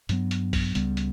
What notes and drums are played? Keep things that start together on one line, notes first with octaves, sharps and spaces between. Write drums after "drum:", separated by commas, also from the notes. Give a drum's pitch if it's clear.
G2 F#3 B3, drum: hi-hat
drum: hi-hat
drum: kick A#1, open hi-hat
C#2 C#3 G3 B3, drum: hi-hat
drum: hi-hat